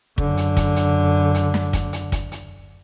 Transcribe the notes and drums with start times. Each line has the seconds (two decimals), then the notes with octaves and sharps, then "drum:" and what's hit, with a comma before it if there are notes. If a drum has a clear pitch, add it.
0.18 F#2 D3, drum: kick
0.37 drum: hi-hat
0.57 drum: kick, hi-hat
0.76 drum: hi-hat
1.34 drum: hi-hat
1.54 drum: snare
1.73 drum: kick, hi-hat
1.93 drum: hi-hat
2.12 drum: kick, hi-hat
2.32 drum: hi-hat